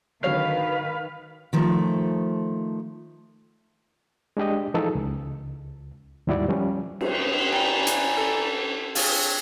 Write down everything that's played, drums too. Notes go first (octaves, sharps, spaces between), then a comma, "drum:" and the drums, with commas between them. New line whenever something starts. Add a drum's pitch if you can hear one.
D3 D#3 F#3 B4 C#5 F5
D#3 F3 A3
G#3 D4 G4 D#5
E3 F3 D#4 G#4 A4
C#2
D#2 G#2 G3 E4 F#4 D5
F3 G3 C#4
drum: cymbal
E4 D5 G5 G#5 A#5
drum: hi-hat
A4
C4 D4 F4 G#4 C#5, drum: open hi-hat